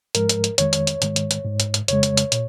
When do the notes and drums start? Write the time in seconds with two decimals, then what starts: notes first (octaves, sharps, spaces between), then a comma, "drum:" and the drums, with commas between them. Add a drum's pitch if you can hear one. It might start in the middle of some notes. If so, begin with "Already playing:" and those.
0.15 G#2 F3 G#3 A#4, drum: hi-hat
0.29 drum: hi-hat
0.44 drum: hi-hat
0.58 F2 D#3 G#3 C#5, drum: hi-hat
0.73 drum: hi-hat
0.87 drum: hi-hat
1.02 G#2 D#3 G#3, drum: hi-hat
1.16 drum: hi-hat
1.31 drum: hi-hat
1.45 G#2 G#3
1.60 drum: hi-hat
1.74 drum: hi-hat
1.88 F2 C#3 G#3 C#5, drum: hi-hat
2.03 drum: hi-hat
2.17 drum: hi-hat
2.32 A#2, drum: hi-hat